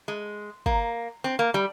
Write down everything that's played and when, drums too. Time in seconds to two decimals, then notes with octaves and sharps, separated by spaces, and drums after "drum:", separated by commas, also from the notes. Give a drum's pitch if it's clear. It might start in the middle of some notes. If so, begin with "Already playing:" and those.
0.08 G#3
0.66 A#3, drum: kick
1.24 C4
1.39 A#3
1.54 G3